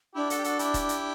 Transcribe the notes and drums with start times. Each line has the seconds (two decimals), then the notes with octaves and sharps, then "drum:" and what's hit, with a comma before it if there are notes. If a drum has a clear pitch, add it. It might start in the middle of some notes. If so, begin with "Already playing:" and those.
0.15 D4 E4 G4
0.30 F#4 A4, drum: hi-hat
0.38 G4
0.44 F#4 A4, drum: hi-hat
0.59 E4 G4, drum: hi-hat
0.74 drum: kick D#1, hi-hat
0.89 drum: hi-hat